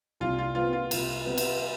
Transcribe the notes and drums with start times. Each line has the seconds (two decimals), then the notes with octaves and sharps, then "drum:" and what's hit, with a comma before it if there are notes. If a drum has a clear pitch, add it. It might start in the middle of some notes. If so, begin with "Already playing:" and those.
0.20 C2 F4
0.39 F4
0.55 C3 G3 B3 F4
0.73 F4
0.91 C2, drum: cymbal
1.26 C3 G3 B3
1.38 drum: cymbal